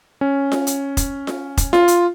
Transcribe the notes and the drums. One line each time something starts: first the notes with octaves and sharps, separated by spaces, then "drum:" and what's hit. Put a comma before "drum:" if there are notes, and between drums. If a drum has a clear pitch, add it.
C#4
drum: snare F4
drum: hi-hat
drum: kick F1, hi-hat
drum: snare F4
drum: kick F1, hi-hat
F4, drum: snare F4
drum: hi-hat